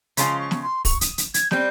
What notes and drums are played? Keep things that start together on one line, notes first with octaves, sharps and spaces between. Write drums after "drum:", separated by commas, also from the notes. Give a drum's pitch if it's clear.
C#3 F3 G#3 C#4 F4 C6, drum: hi-hat
C#6
drum: snare
C6
C#6, drum: kick, open hi-hat
D#6, drum: hi-hat
drum: hi-hat
G#6, drum: hi-hat
G3 C4 G6, drum: snare